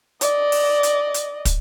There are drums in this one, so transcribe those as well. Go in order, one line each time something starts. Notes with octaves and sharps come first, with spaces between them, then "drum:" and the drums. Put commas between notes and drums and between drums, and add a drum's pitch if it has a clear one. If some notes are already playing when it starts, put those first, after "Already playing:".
D5 D#5, drum: hi-hat
drum: open hi-hat
drum: hi-hat
drum: hi-hat
drum: kick, hi-hat